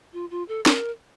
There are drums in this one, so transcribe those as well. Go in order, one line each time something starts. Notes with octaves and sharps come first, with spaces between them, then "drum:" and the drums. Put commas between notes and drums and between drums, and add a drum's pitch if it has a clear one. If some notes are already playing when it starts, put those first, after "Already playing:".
F4
F4
A4
A#4, drum: snare